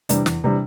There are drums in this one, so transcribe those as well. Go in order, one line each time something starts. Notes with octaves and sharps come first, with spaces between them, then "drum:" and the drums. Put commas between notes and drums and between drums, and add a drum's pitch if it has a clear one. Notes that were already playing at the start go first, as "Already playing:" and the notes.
C3 E3 G3 D4, drum: hi-hat
E2, drum: snare
C3 E3 G3 D4